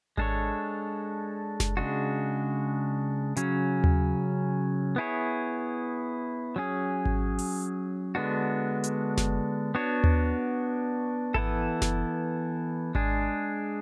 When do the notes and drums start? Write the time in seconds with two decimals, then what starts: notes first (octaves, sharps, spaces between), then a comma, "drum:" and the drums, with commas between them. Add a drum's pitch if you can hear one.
0.17 G#3 D4 A4 C#5, drum: kick G#1
1.60 drum: snare F#1
1.77 C#3 G#3 D4 F#4
3.36 C#3 F#3 C#4, drum: hi-hat
3.84 drum: tom D#2
4.96 B3 E4 G#4 C#5
6.56 F#3 C#4 G#4
7.05 drum: kick G#1
7.39 drum: open hi-hat
8.15 D3 G#3 B3 D4 F#4
8.84 drum: hi-hat
9.18 drum: snare F#1
9.75 B3 D4 F#4 C#5
10.04 drum: tom D#2
11.34 E3 B3 E4 A4, drum: kick G#1
11.82 drum: snare F#1
12.95 G#3 D4 G#4, drum: kick G#1